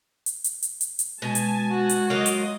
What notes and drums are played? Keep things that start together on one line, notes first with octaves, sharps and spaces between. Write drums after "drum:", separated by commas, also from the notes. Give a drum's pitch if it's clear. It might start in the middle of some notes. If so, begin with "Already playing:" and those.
drum: hi-hat
drum: hi-hat
drum: hi-hat
drum: hi-hat
drum: hi-hat
B2 G#3 G#5 A5
drum: hi-hat
F#4
drum: hi-hat
F#3 A#3 F4 D#5
drum: hi-hat